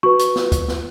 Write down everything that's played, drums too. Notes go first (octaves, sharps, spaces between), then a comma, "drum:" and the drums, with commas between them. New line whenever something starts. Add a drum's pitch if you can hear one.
F#4 B4 C#6
drum: hi-hat
drum: snare
drum: kick, hi-hat
drum: snare